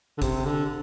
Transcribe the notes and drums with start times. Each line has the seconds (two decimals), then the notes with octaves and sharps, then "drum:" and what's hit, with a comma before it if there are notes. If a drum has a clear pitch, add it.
0.17 D3
0.22 C3, drum: kick, hi-hat
0.45 D3